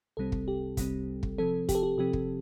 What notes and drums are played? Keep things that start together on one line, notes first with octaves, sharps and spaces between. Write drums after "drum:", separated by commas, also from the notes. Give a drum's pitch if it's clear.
C2 C3 G3 C4 A4
drum: kick
G4
C2 C3 G3 C4, drum: kick, hi-hat
drum: kick
C3 F3 C4 A4
G4, drum: kick, hi-hat
A4
G4
C3 F3 C4 G4
drum: kick